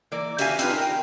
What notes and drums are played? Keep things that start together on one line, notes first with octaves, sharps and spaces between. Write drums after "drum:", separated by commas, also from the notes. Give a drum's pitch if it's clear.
E3 A#3 D5
F#4 G4 E5 F5 G#5, drum: hi-hat
C4 D4 D#4 F4 B4, drum: hi-hat
A#4 G5